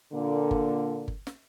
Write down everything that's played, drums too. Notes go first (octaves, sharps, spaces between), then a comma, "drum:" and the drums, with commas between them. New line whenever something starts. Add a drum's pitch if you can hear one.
A#2 D3 A#3
drum: kick G1
drum: kick G1
drum: snare